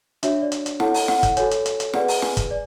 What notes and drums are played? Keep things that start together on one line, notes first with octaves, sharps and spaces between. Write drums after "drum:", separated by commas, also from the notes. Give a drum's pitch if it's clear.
D4 F#4 C#5 E5, drum: hi-hat
D5
drum: hi-hat
drum: hi-hat
E4 A4 C#5 F#5, drum: snare
drum: open hi-hat
F#5, drum: snare
drum: kick, hi-hat
F#4 A4 C#5 G#5, drum: hi-hat
drum: hi-hat
drum: hi-hat
drum: hi-hat
G#4 B4 D5 F#5, drum: snare
drum: open hi-hat
G#5, drum: snare
drum: kick, hi-hat
D5